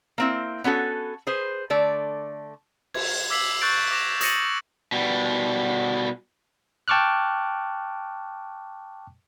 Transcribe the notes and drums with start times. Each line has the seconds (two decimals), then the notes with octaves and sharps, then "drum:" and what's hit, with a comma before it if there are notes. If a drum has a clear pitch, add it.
0.18 A#3 C4 E4
0.64 B3 C#4 F#4 A4
1.27 G#4 B4 C5
1.70 D3 A3 D5
2.94 G#6, drum: cymbal
3.30 D6 E6 B6 C7 F#7
3.61 C#6 F#6 G6 A6 D7
3.91 D6 A#6 E7 F7
4.21 D#6 A6 A#6 C#7 D#7 F#7, drum: hi-hat
4.92 B2 G3
6.88 G5 A5 C#6 D6 F6 F#6